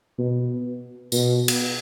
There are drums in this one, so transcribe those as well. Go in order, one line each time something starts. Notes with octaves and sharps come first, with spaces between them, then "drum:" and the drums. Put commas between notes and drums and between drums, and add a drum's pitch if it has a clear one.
B2
B2, drum: tambourine
drum: cymbal